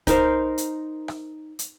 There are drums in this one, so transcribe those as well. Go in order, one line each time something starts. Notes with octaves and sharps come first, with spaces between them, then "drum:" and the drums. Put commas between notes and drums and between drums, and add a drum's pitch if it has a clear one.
D#4 A#4 C5, drum: kick C2, hi-hat
drum: hi-hat
drum: rim click
drum: hi-hat